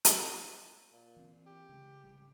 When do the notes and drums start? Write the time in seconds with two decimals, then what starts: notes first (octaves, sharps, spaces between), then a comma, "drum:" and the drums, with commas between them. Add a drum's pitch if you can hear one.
0.05 drum: hi-hat
0.93 A#2
1.16 E3 C4
1.47 G4
1.69 C#3 G#3
2.03 G#1 C#3 G3